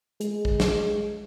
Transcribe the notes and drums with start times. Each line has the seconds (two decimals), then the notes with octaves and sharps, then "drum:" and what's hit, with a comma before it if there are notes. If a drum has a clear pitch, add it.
0.21 G#3, drum: hi-hat
0.45 drum: kick A#1
0.60 drum: snare